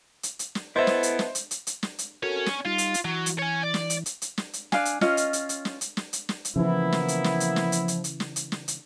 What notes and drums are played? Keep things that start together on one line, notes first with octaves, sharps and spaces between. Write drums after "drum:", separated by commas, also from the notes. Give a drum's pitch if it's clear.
drum: hi-hat
drum: hi-hat
drum: snare
B3 E4 A4 C5 D#5 E5
drum: snare
drum: hi-hat
drum: snare
drum: hi-hat
drum: hi-hat
drum: hi-hat
drum: snare
drum: hi-hat
C#4 F#4 A4 A#4 C#5
drum: snare
G3 D#4 F4
drum: hi-hat
drum: hi-hat
E3 F#3
drum: hi-hat
C#5 G#5
D5
drum: snare
drum: hi-hat
drum: hi-hat
drum: hi-hat
drum: snare
drum: hi-hat
D4 F5 G#5, drum: snare
drum: hi-hat
C#4 F4 D#5, drum: snare
drum: hi-hat
drum: hi-hat
drum: hi-hat
drum: snare
drum: hi-hat
drum: snare
drum: hi-hat
drum: snare
drum: hi-hat
C#3 E3 F3 A#3 B3 E4
drum: snare
drum: hi-hat
drum: snare
drum: hi-hat
drum: snare
drum: hi-hat
drum: hi-hat
drum: hi-hat
drum: snare
drum: hi-hat
drum: snare
drum: hi-hat